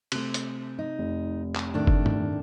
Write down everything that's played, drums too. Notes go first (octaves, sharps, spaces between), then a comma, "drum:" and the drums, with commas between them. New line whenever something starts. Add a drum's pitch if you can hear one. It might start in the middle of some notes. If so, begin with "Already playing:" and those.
C3 A3, drum: cymbal
drum: hi-hat
D#4
F1
drum: clap
A2 D#3 D4
drum: kick F#1
drum: tom G2